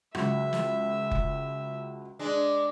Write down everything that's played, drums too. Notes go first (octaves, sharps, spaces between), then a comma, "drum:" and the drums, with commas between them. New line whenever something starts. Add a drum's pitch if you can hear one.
C#2 F#3 E5, drum: rim click
drum: snare
drum: kick F1
G#3 D4